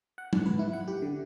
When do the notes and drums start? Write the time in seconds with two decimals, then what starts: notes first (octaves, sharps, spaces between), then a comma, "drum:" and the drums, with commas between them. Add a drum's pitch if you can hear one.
0.18 F#5
0.33 G#2, drum: tom
0.46 B4
0.59 E4
0.73 F#5
0.88 G4
1.02 D3